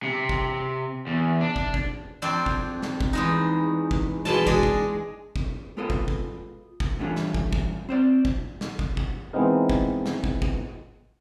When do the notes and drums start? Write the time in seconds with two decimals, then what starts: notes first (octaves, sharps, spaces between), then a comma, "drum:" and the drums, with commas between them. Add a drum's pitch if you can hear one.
0.03 C3
0.29 drum: kick
1.07 E2
1.41 D4
1.56 drum: kick
1.74 drum: kick
2.22 F2 C4 D4
2.46 drum: kick
2.82 drum: snare
3.01 drum: kick
3.13 E2 G#3 D#4
3.91 drum: kick
4.25 B2 E3 G#3 A5, drum: snare
4.47 G#3 D4 G#4, drum: kick
4.63 drum: kick
5.36 drum: kick
5.77 G#3 B3 F4 A4 B4 D#5
5.90 drum: kick
6.08 drum: kick
6.80 drum: kick
6.99 E3 G3 A3 C#4 D4 F4
7.16 drum: snare
7.34 drum: kick
7.53 drum: kick
7.89 C4 C5 D5
8.25 drum: kick
8.61 drum: snare
8.79 drum: kick
8.97 drum: kick
9.33 E3 G#3 B3 C4 D#4 A#4
9.69 drum: kick
10.06 drum: snare
10.24 drum: kick
10.42 drum: kick